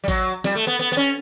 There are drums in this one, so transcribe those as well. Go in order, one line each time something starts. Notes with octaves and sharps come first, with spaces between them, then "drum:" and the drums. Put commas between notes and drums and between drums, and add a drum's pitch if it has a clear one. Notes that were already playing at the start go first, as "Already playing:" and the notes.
G3
F#3, drum: kick A1, hi-hat
G3, drum: snare
A3
B3
B3, drum: hi-hat
B3
C#4